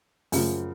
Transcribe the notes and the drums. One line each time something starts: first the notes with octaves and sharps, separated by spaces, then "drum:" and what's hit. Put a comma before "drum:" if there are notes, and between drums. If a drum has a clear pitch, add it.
F#2 C#3 F3, drum: open hi-hat